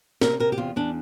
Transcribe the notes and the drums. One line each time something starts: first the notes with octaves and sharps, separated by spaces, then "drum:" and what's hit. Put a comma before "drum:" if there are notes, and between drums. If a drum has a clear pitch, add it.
C3 A#4, drum: snare
C3 A#4
G4
E2 F4
E2 D4